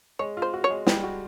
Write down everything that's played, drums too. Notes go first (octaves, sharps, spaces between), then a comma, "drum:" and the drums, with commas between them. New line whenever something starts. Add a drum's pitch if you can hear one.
G#3 G#4 C#5
F4
C5
F#4
C#5
G#3 G#4
G3 G4, drum: snare
F#4